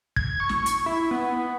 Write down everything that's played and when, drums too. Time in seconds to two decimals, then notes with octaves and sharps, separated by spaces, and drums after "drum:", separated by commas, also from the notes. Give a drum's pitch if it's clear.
0.16 G#6, drum: kick
0.40 C#6
0.49 drum: snare
0.66 drum: hi-hat
0.86 E4
1.11 B3